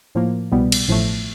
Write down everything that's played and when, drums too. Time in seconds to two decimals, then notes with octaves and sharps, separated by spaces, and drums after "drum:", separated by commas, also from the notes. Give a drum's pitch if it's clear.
0.15 A2 F3 A#3
0.52 C2 B2 G3 B3
0.72 drum: cymbal
0.88 A1 A2 F3 A3